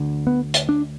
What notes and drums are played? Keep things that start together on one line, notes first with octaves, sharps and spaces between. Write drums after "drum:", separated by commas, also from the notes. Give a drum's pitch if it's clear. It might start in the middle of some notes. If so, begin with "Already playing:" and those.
Already playing: D2 D3
B3
drum: hi-hat
D4